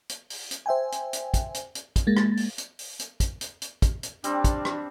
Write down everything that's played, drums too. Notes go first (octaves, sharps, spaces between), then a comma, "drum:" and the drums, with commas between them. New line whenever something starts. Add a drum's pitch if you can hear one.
drum: hi-hat
drum: open hi-hat
drum: hi-hat
C5 E5 G5 G#5
drum: hi-hat
drum: hi-hat
drum: kick, hi-hat
drum: hi-hat
drum: hi-hat
drum: kick, hi-hat
G#3 A#3 A6
drum: rim click
drum: open hi-hat
drum: hi-hat
drum: open hi-hat
drum: hi-hat
drum: kick, hi-hat
drum: hi-hat
drum: hi-hat
drum: kick, hi-hat
drum: hi-hat
G3 C4 D4, drum: hi-hat
drum: kick, hi-hat
drum: rim click